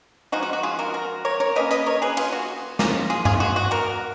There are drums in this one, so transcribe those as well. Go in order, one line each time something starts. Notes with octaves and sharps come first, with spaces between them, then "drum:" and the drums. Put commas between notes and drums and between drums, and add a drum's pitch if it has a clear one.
F3 G#3 D#4 F#4
F#4
F#4
F4 G#4
F#4 A#4
F#4 A#4
A#4 C#5
A#4 C#5
F3 A#3 C#4 B4 D#5
B4 D#5, drum: hi-hat
A#4 C#5
G#4 B4
F4 G#4, drum: cymbal
F#4
F3 A#3 C#4, drum: snare
F4 G#4
F4 G#4, drum: tom G2
F#4
F#4
F#4 A#4